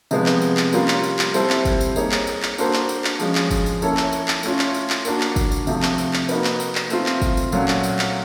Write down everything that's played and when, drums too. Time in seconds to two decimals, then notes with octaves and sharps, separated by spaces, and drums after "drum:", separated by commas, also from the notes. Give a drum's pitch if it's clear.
0.11 C3 F3 G#3 B3, drum: tambourine
0.26 drum: clap
0.42 drum: tambourine
0.57 drum: clap
0.73 G3 A#3 C#4 F4, drum: tambourine
0.88 drum: clap
1.03 drum: tambourine
1.19 drum: clap
1.34 G3 C4 E4 A4 C5, drum: tambourine
1.50 drum: clap
1.65 drum: kick, tambourine
1.81 drum: tambourine
1.96 A#3 D#4 G#4 C#5, drum: tambourine
2.12 drum: clap
2.27 drum: tambourine
2.43 drum: clap
2.58 A#3 D4 F#4 A4 C5, drum: tambourine
2.73 drum: clap
2.89 drum: tambourine
3.04 drum: clap
3.19 F3 G#3 C#4, drum: tambourine
3.35 drum: clap
3.51 drum: kick, tambourine
3.66 drum: tambourine
3.82 A#3 C#4 E4 A4 C#5, drum: tambourine
3.97 drum: clap
4.13 drum: tambourine
4.28 drum: clap
4.43 A3 C#4 F4, drum: tambourine
4.59 drum: clap
4.74 drum: tambourine
4.90 drum: clap
5.05 A#3 D4 F#4, drum: tambourine
5.21 drum: clap
5.36 drum: kick, tambourine
5.52 drum: tambourine
5.67 C3 F3 A3, drum: tambourine
5.83 drum: clap
5.98 drum: tambourine
6.13 drum: clap
6.29 A#3 D#4 F#4 B4, drum: tambourine
6.44 drum: clap
6.60 drum: tambourine
6.75 drum: clap
6.90 A3 C4 F4, drum: tambourine
7.06 drum: clap
7.22 drum: kick, tambourine
7.37 drum: tambourine
7.52 A#2 F#3 A3 C#4, drum: tambourine
7.68 drum: clap
7.83 drum: tambourine
7.99 drum: clap